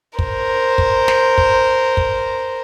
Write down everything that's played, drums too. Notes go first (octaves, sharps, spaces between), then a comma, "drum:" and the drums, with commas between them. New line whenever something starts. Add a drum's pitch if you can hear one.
A#4 C5, drum: kick
drum: kick
drum: snare
drum: kick
drum: kick